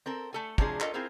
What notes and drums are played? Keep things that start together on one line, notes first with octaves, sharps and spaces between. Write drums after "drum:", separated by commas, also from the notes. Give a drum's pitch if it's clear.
C4 A4 A#4
A3 A4 G#5
C3 F3 F#3 G#3 D4 G#4, drum: kick
F4 A4 A#4 D#5, drum: clap
C4 E4 F4 G#4 A#4 C5